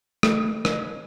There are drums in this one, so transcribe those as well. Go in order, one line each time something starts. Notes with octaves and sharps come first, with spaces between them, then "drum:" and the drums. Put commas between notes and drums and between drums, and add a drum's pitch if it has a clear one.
A3, drum: rim click
drum: rim click